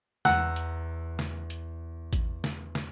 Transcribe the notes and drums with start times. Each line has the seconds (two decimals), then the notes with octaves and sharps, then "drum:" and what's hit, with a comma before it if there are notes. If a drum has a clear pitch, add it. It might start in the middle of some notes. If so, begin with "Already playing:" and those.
0.25 E2 F#5 A#5 E6, drum: snare
0.56 drum: hi-hat
1.19 drum: snare
1.50 drum: hi-hat
2.13 drum: kick A1, hi-hat
2.44 drum: snare
2.75 drum: snare